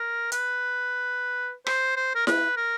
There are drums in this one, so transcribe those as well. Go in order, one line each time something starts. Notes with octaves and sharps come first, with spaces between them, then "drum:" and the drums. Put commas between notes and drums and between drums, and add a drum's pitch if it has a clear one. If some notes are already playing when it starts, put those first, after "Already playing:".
Already playing: A#4
B4, drum: hi-hat
C5, drum: rim click
C5
A#4
B4, drum: snare E4
A#4